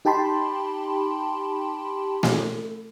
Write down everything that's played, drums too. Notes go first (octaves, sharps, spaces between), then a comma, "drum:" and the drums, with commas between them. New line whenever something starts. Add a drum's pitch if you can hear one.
D#4 G4 G5 A5 B5 C6
drum: snare A3